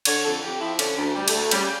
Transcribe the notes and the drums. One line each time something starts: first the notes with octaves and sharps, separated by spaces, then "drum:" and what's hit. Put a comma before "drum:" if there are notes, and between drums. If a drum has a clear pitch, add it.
D3 C#5, drum: cymbal
F2 A4
F2 G4
F3 E4
D3 C#4, drum: cymbal
D2
G3
A3, drum: cymbal
D2
C#3 G3, drum: cymbal